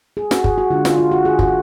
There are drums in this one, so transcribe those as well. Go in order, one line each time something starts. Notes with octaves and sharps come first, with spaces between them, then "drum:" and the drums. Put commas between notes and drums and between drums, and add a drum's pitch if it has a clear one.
G#4
F#4, drum: snare
G#4, drum: kick
F#4
D3 G#3 D4 F4
F4, drum: snare
F4
F#4
G#4
F#4, drum: kick